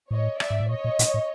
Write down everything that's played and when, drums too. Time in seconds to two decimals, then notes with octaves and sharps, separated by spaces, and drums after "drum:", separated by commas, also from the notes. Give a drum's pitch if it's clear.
0.10 A2 C#5 D#5
0.40 D5 E5, drum: rim click
0.50 G#2
0.60 A2
0.70 A#2 C#5 D#5
0.84 A#2
0.99 A#2, drum: hi-hat
1.14 A2